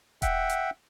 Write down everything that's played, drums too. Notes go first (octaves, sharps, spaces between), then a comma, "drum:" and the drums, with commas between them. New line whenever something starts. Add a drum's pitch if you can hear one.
E5 F#5 G5, drum: kick D#1, hi-hat
drum: hi-hat